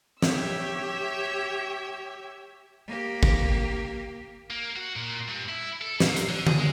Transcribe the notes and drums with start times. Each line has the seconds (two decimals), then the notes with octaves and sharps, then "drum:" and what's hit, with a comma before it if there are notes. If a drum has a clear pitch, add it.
0.22 G4 C#5 E5 E6, drum: snare
2.86 A#3 G4
3.23 drum: kick G#1
4.51 A#3
4.76 F#4
4.96 A#2
5.28 G2
5.49 E4
5.82 A4
6.00 A#2, drum: snare
6.17 drum: hi-hat
6.29 D3
6.47 G#4, drum: tom D3
6.58 G#3